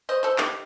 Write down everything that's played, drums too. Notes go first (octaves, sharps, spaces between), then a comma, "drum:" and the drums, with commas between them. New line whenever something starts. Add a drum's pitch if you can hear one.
C5 D#5
A4 C5
D#4 G4, drum: clap